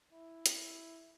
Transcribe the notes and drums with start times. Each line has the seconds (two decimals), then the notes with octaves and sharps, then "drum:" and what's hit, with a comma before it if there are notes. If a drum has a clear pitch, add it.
0.13 E4
0.46 drum: hi-hat